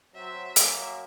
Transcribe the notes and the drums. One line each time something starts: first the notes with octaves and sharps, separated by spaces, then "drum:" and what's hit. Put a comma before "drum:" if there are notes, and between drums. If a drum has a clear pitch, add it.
F#3 C4 E5
F#2 A#3, drum: hi-hat